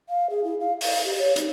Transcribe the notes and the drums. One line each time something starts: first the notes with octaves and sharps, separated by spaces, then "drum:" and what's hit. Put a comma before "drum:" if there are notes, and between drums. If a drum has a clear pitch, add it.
F5
G#4
E4
F5
F5, drum: open hi-hat
G4
C#5
D#4, drum: hi-hat